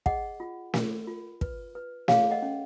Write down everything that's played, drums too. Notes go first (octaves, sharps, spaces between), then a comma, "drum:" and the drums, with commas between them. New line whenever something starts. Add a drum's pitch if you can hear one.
G#4 D#5 F#5, drum: kick
F4
A#4, drum: snare
F4
B4, drum: kick
B4
G#4 C#5 F5, drum: snare
D#5 F#5
C#4